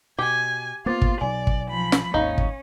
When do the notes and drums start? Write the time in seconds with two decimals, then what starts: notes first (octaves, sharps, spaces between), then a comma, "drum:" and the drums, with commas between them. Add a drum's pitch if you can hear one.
0.19 B2 G4 G#5
0.86 A#3 B3 F4 C5 D6 A6
1.02 drum: kick
1.21 B1 D5 G#5
1.47 drum: kick
1.70 F3 B5
1.92 drum: snare
2.14 G#1 D#2 C#4 D#4 F5
2.38 drum: kick